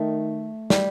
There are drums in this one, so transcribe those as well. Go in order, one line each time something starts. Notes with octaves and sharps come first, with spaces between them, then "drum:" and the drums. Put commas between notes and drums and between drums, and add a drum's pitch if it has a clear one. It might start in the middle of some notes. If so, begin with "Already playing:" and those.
Already playing: D#3 A3
G3, drum: snare